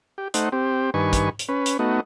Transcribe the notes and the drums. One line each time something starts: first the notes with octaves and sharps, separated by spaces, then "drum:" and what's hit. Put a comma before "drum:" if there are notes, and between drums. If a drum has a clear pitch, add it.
G4
A3 D#4 C5 F#5, drum: hi-hat
C4 G4
G2 D#3 B4 G#5 C#6
drum: kick, hi-hat
drum: hi-hat
C#4 B4
drum: hi-hat
A3 B3 D#4 F#4